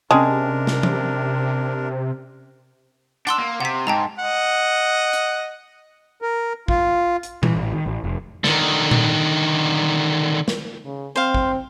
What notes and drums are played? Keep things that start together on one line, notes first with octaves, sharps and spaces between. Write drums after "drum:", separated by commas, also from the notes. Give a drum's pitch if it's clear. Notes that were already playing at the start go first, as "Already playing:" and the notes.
C3 G#3 C#4 D4 A#4 G5 A5
drum: snare
drum: tom E3
D4 F#5 C6 E6, drum: hi-hat
A#3
C3 F#5 B6
G#2 G5 A5 A#5
D#5 F#5
drum: hi-hat
A#4
F4, drum: kick A1
drum: hi-hat
E3, drum: tom A#2
A1
D#3
A1
F1
D3 D#3, drum: snare
drum: tom A#2
drum: snare
C#3
C4 C5 F5
drum: kick A1